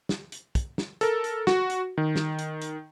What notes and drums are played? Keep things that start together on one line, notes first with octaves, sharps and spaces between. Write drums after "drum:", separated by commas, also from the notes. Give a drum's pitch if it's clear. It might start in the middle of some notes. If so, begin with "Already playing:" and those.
drum: snare
drum: hi-hat
drum: kick, hi-hat
drum: snare
A4 A#4, drum: hi-hat
drum: hi-hat
F#4, drum: snare
drum: hi-hat
D#3
drum: snare
drum: hi-hat
drum: hi-hat